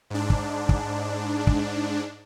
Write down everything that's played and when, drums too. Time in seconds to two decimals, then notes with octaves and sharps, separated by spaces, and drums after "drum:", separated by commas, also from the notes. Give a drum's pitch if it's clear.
0.10 G#2 D4
0.30 drum: kick
0.69 drum: kick
1.47 drum: kick